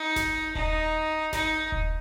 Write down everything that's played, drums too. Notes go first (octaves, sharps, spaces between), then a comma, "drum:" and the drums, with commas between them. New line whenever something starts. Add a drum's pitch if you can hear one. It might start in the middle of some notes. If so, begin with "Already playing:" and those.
Already playing: D#4
drum: snare F#1
D#4, drum: kick D#1
D#4, drum: snare F#1
drum: kick D#1